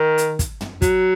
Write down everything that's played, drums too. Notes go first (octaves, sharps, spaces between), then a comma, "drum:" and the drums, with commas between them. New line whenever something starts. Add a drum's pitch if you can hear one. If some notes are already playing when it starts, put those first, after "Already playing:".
Already playing: D#3
drum: hi-hat
drum: kick, hi-hat
drum: tom
F#3, drum: kick, hi-hat